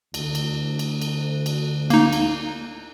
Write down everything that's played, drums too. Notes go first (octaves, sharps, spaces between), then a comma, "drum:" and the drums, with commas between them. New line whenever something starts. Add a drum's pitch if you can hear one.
D2, drum: cymbal
drum: cymbal
drum: cymbal
drum: cymbal
drum: cymbal
A#3 D#4, drum: cymbal
drum: cymbal